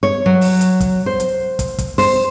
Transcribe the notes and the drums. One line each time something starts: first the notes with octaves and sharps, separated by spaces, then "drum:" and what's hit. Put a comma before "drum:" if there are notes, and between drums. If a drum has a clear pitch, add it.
C#5
F#3
drum: open hi-hat
drum: hi-hat
drum: kick, hi-hat
C5
drum: hi-hat
drum: kick, hi-hat
drum: kick, hi-hat
C5, drum: open hi-hat